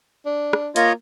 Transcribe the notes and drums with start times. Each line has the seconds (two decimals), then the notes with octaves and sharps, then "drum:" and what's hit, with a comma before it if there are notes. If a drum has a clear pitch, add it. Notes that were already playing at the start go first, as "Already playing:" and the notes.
0.26 D4
0.53 drum: rim click
0.76 A#3 F4 C#5 D#5, drum: hi-hat